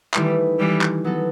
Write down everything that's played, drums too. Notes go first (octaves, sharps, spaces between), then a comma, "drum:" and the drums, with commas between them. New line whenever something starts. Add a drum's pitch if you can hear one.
D#3 E3 G3 A3 E4 B4 E5, drum: clap
E3 G3
drum: clap
F#3 B3 F#4 A4